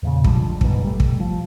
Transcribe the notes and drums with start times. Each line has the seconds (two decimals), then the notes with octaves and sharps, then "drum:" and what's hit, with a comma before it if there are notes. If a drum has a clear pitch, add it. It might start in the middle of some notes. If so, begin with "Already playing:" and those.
0.03 E2 A#2 C#3
0.24 D3 F3 G3 G#3, drum: kick
0.61 F#1 G#2 B2, drum: kick
0.85 G3 A3
1.00 drum: kick
1.20 F3